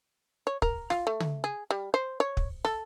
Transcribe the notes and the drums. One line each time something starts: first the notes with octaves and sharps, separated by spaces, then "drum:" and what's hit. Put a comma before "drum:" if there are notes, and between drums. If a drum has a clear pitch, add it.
C#5
A#4, drum: kick
F4, drum: rim click
A3
drum: tom
G#4
G3
C5
C#5
drum: kick
A4, drum: rim click